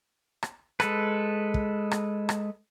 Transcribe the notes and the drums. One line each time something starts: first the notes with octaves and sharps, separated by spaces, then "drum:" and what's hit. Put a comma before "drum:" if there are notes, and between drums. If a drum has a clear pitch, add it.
drum: rim click
G#3 A4 B4, drum: rim click
drum: kick
drum: rim click
drum: rim click